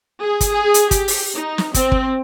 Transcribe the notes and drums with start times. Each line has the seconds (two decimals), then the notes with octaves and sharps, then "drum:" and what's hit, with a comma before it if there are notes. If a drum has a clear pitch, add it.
0.19 G#4
0.41 drum: kick, hi-hat
0.50 G#4
0.74 drum: hi-hat
0.91 G4, drum: kick, hi-hat
1.08 drum: open hi-hat
1.33 D#4
1.58 drum: snare
1.74 C4, drum: kick, hi-hat
1.92 drum: kick